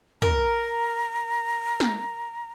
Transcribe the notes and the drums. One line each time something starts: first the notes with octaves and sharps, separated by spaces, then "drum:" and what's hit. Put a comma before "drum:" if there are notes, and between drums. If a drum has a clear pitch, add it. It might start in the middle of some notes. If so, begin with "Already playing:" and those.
A#4 A#5, drum: tom
drum: snare